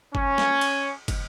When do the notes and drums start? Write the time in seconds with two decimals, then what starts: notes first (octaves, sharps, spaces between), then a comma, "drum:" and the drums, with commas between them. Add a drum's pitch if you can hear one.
0.15 C#4, drum: kick
0.38 drum: snare
0.61 drum: cymbal
1.08 drum: kick, cymbal